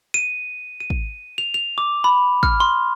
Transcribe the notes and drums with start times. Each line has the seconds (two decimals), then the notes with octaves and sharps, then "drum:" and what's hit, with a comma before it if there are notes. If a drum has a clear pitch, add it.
0.14 D#7
0.80 D#7
0.90 drum: kick
1.38 F7
1.54 F7
1.78 D6
2.04 B5
2.43 F6, drum: kick
2.60 C6